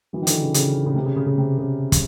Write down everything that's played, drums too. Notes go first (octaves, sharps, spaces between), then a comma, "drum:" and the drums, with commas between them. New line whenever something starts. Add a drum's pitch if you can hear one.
E3 F#3
D#3
D3 E3, drum: hi-hat
C#3
C#3, drum: hi-hat
C#3
C3
C#3
C#3
C#3
C3
C#3
drum: kick, hi-hat